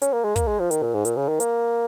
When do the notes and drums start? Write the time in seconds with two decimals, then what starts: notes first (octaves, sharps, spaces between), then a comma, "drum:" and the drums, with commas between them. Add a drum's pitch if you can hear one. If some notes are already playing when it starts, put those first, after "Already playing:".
0.02 C#4, drum: hi-hat
0.13 A#3
0.24 G#3
0.36 A#3, drum: kick, hi-hat
0.48 G#3
0.59 F3
0.71 D#3, drum: hi-hat
0.83 A#2
0.94 G#2
1.05 A#2, drum: hi-hat
1.16 C#3
1.28 D#3
1.40 A#3, drum: hi-hat